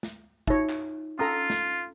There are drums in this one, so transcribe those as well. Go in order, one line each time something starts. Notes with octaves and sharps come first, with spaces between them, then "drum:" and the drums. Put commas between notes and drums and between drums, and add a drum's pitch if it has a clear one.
drum: snare
D#4 F4 C#5 E5, drum: kick
drum: clap
C#4 F4 A4 A#5 D#6
drum: snare